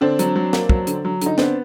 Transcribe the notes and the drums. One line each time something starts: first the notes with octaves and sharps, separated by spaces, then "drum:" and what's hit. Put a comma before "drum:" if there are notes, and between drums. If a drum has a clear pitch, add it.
D3 C4 D4
F#3, drum: hi-hat
F#3
A#3, drum: snare
F#3, drum: kick
D3, drum: hi-hat
F#3
D3 D#4, drum: hi-hat
B3 C4 D4, drum: snare